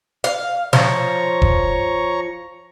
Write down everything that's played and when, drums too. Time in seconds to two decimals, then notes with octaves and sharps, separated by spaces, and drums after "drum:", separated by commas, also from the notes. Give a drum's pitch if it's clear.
0.24 F5
0.73 F3 C#5 A#5 C#6, drum: snare
1.42 drum: kick E1